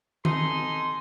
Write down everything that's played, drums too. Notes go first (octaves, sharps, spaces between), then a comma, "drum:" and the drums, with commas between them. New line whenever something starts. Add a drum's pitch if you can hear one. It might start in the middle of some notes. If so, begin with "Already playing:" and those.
D#4 A4 G#5 C6, drum: tom D#3